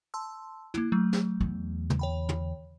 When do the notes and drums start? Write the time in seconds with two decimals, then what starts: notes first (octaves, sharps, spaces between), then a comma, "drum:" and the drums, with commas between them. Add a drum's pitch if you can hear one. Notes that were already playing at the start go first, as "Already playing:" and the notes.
0.14 A5 C6 E6
0.74 A#3 E4, drum: tom
0.92 F#3 A3
1.13 drum: snare
1.40 E2
1.90 drum: tom
1.99 C#5 G5 B5
2.29 drum: tom